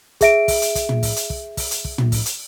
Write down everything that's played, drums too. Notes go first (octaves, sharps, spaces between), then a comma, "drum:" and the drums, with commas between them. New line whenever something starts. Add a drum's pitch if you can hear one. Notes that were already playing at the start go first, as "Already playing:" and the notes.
G#4 E5 D7, drum: kick, hi-hat
drum: kick, open hi-hat
drum: hi-hat
drum: kick, hi-hat
drum: tom
drum: kick, open hi-hat
drum: hi-hat
drum: kick
drum: kick, open hi-hat
drum: hi-hat
drum: kick
drum: tom
drum: kick, open hi-hat
drum: hi-hat